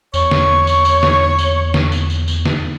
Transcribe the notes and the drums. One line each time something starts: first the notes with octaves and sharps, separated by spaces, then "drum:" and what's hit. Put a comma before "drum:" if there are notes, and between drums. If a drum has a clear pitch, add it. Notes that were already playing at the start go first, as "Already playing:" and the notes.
E2 C#5, drum: tambourine
drum: snare D3
drum: tambourine
drum: tambourine
drum: snare D3
drum: tambourine
drum: snare D3
drum: tambourine
drum: tambourine
drum: tambourine
drum: snare D3